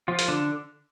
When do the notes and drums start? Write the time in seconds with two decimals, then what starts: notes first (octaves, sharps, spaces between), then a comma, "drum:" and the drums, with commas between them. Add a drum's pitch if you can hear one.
0.08 F3 F4
0.19 drum: hi-hat
0.28 D3 D4